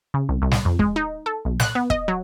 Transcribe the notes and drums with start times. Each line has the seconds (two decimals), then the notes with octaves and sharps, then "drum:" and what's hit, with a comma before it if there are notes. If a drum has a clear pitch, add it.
0.14 C#3
0.29 C2
0.42 C2
0.51 drum: snare
0.65 F2
0.79 G#3, drum: kick
0.96 D#4
1.26 A4
1.45 B1
1.60 F#6, drum: snare
1.75 B3
1.90 D#5, drum: kick
2.08 F#3